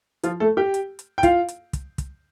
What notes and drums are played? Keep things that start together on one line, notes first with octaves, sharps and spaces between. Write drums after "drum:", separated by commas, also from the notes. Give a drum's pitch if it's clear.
F3 F4, drum: hi-hat
A3 A4
G4 G5
drum: hi-hat
drum: hi-hat
G5
F4 F5, drum: kick, hi-hat
drum: hi-hat
drum: kick, hi-hat
drum: kick, hi-hat